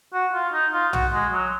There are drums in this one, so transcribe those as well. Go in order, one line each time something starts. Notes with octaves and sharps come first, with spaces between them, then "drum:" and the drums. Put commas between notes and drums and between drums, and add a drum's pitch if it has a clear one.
F#4
F4
D#4
F4
F#4, drum: tom
G#3
F#3